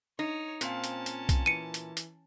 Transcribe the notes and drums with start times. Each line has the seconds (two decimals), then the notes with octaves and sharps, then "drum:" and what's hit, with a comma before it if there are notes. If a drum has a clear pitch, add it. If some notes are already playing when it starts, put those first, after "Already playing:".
0.19 D#4 C#5
0.61 A#2 C4 C#4 C5 F5 A5, drum: hi-hat
0.84 drum: hi-hat
1.06 drum: hi-hat
1.29 drum: kick B1, hi-hat
1.46 E3 C#7 D#7
1.74 drum: hi-hat
1.97 drum: hi-hat